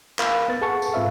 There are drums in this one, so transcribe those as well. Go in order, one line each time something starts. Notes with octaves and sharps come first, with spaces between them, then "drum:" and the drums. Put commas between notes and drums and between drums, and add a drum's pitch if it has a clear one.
A#4 F5 B5, drum: clap
B3 B4 A6
G#4 A4 B4 F#5 A5 C#6
drum: tambourine
G#2 C4 F4 B4 E5 F5